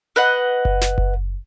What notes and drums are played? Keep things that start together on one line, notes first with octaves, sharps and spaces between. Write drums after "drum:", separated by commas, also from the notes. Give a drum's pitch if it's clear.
B4 D#5 F#5
drum: kick F#1
drum: snare
drum: kick F#1